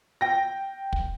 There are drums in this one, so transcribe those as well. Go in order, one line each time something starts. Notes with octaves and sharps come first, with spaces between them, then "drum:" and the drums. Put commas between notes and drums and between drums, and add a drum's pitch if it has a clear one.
G5 A#6
drum: kick